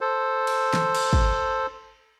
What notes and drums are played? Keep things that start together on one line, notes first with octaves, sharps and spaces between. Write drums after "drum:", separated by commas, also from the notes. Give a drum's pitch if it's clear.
A4 C5
drum: cymbal
drum: snare
drum: cymbal
drum: kick